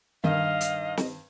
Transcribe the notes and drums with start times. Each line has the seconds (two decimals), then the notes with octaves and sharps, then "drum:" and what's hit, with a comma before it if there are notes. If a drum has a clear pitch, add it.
0.24 G2 D#3 D#5 F5
0.61 drum: hi-hat
0.97 drum: snare